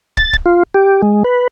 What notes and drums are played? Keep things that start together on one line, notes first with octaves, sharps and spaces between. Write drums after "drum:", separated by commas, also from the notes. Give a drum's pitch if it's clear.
A6, drum: kick
drum: kick
F4
G4
G#3
B4